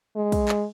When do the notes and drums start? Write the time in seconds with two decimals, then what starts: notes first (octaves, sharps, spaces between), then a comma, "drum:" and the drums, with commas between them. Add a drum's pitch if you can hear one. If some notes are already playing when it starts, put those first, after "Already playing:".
0.16 G#3
0.32 drum: kick, cymbal
0.48 drum: clap